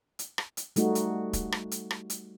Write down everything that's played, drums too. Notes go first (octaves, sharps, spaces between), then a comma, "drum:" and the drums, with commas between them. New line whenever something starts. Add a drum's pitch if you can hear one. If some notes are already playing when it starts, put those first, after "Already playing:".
drum: hi-hat
drum: rim click
drum: hi-hat
G3 A3 D#4 F#4, drum: hi-hat
drum: hi-hat
drum: kick, hi-hat
drum: rim click
drum: hi-hat
drum: rim click
drum: hi-hat